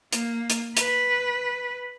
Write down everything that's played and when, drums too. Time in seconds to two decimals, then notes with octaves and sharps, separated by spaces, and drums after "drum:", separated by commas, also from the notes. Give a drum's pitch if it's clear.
0.13 A#3, drum: hi-hat
0.50 drum: hi-hat
0.77 B4, drum: hi-hat